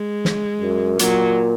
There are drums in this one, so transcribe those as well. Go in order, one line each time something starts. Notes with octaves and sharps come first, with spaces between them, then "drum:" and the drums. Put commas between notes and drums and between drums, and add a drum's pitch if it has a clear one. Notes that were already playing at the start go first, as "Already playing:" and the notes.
Already playing: G#3
drum: snare
F#2
A#2 F#3, drum: hi-hat